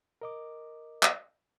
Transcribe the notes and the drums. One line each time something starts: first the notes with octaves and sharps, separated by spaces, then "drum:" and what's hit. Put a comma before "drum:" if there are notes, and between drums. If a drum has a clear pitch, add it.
A#4 D#5 D6
drum: clap